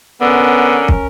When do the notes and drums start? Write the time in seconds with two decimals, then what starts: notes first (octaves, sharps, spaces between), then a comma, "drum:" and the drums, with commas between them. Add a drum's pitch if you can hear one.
0.22 D3 B3 C#4 A#4
0.88 drum: kick